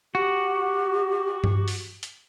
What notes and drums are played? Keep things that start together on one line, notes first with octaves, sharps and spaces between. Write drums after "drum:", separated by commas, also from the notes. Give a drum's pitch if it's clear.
F#4 G4
drum: tom G2
drum: open hi-hat
drum: hi-hat